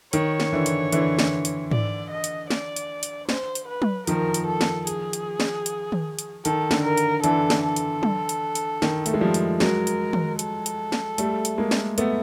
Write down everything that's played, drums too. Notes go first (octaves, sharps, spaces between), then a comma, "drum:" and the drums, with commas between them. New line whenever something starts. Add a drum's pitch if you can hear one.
D#3 C#5, drum: hi-hat
drum: snare
D3 E3
drum: hi-hat
D3 E3, drum: hi-hat
drum: snare
drum: hi-hat
D5, drum: tom G#2
D#5
drum: hi-hat
D5, drum: snare
drum: hi-hat
drum: hi-hat
C5, drum: snare
drum: hi-hat
B4
drum: tom F#3
D#3 F3 A#4, drum: hi-hat
drum: hi-hat
A4
drum: snare
G#4, drum: hi-hat
drum: hi-hat
drum: snare
drum: hi-hat
drum: tom D#3
drum: hi-hat
D#3 A4, drum: hi-hat
D3, drum: snare
A#4
drum: hi-hat
D3 E3 A4, drum: hi-hat
drum: snare
A4
drum: hi-hat
drum: tom F#3
drum: hi-hat
drum: hi-hat
D#3, drum: snare
A3, drum: hi-hat
G#3
F3 G3
drum: hi-hat
F#3 G#3 A#4, drum: snare
drum: hi-hat
drum: tom D#3
A4, drum: hi-hat
drum: hi-hat
drum: snare
G3 A3, drum: hi-hat
drum: hi-hat
G#3 A#3
drum: snare
A3 B3, drum: hi-hat